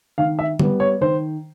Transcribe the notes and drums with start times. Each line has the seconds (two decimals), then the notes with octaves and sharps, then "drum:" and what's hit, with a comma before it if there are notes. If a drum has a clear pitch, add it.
0.18 D#3 F5
0.39 E5
0.59 G3 B3, drum: tom D3
0.80 C#5
1.01 D#3 C5